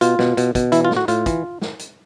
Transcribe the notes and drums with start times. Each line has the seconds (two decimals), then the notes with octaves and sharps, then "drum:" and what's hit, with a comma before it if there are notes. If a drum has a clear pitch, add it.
0.01 B2 F4, drum: hi-hat
0.19 B2, drum: snare
0.37 B2, drum: hi-hat
0.55 B2, drum: kick, hi-hat
0.72 E3 E4, drum: hi-hat
0.85 F4
0.91 A2, drum: snare
0.97 F#4
1.08 A2 F4, drum: hi-hat
1.26 E3, drum: kick, hi-hat
1.61 drum: snare
1.79 drum: hi-hat